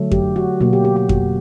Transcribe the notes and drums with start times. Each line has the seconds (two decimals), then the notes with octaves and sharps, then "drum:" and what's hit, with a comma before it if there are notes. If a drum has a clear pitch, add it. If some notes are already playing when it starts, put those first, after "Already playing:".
Already playing: D3 F#3 A3
0.11 G4, drum: kick F2
0.36 F#4
0.60 B2 F#3 A#3 F#4
0.73 G4
0.85 G4
0.96 G4
1.09 F#4, drum: kick F2